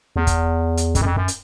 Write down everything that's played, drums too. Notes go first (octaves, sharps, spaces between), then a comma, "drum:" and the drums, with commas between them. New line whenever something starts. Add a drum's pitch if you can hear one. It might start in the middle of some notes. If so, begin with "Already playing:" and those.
E2
drum: kick, hi-hat
drum: hi-hat
F2, drum: kick, hi-hat
F#2
F2
F#2
drum: hi-hat